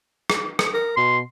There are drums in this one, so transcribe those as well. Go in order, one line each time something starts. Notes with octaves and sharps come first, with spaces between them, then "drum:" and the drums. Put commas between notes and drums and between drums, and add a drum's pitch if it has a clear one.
drum: rim click
drum: rim click
A#4
B2 C6